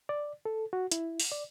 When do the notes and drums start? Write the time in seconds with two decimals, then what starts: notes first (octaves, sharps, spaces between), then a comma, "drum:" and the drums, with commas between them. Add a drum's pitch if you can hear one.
0.09 D5
0.45 A4
0.73 F#4
0.92 E4, drum: hi-hat
1.20 drum: open hi-hat
1.32 D5